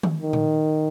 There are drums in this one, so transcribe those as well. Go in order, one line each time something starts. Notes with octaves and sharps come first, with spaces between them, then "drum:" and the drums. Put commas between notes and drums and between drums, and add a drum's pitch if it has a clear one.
drum: tom D#3
D#3
drum: tom A#2